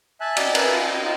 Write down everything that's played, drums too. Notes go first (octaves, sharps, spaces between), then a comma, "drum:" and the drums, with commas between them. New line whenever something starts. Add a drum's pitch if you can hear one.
E5 G#5 A5 F#6
D5 D#5 A#5, drum: cymbal
A#4 B4 E5 G#5 F#6, drum: cymbal
F4 A5
A#5 G6
D#4 F4